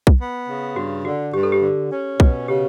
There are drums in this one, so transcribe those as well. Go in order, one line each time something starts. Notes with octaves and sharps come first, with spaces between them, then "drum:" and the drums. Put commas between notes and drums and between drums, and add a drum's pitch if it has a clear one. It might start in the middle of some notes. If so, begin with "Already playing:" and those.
drum: kick B1
B3
C#3
G2 F#4
D3 F#4
G2 G4
A4
G4
D3
C#4
B2, drum: kick B1
C#3 G4